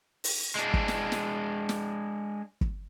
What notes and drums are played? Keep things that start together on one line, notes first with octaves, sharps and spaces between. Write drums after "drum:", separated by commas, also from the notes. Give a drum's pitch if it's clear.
drum: open hi-hat
G#3 D4
drum: kick
drum: snare
drum: snare
drum: snare
drum: kick